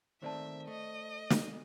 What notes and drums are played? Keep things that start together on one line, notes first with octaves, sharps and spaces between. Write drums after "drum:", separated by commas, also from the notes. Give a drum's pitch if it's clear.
D#3 A3 C4 C5 D5 E5 A5
A3 D#5
drum: snare